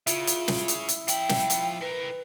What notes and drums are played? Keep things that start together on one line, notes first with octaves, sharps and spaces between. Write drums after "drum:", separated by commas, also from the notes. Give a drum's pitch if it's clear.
C#3 E4 F4, drum: hi-hat
drum: hi-hat
drum: snare
drum: hi-hat
drum: hi-hat
F3 G5 B5, drum: hi-hat
drum: snare
drum: hi-hat
E3 A#4 B4